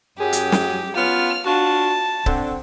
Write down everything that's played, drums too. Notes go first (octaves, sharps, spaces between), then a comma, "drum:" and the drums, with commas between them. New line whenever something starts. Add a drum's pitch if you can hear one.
F#2 G4 G#4
drum: hi-hat
drum: snare
B3 C#4 F4 F6
D4 F4 F#4 A5
D3 C4, drum: kick C#1